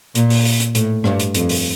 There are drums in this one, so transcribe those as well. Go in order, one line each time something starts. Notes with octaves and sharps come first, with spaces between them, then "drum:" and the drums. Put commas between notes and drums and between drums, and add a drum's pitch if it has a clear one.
A#2, drum: hi-hat
drum: open hi-hat
drum: open hi-hat
drum: hi-hat
A2, drum: hi-hat
G2, drum: rim click
drum: hi-hat
F2, drum: hi-hat
drum: open hi-hat